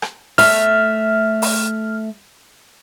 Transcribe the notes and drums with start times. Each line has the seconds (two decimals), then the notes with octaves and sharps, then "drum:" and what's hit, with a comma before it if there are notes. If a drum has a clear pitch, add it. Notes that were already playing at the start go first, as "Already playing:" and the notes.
0.02 drum: rim click
0.38 A3 E5 F6, drum: open hi-hat
1.42 drum: open hi-hat